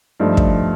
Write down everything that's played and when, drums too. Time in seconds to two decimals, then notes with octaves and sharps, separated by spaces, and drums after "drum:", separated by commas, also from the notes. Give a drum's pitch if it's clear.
0.20 G2 F3 A3 D#4
0.37 drum: kick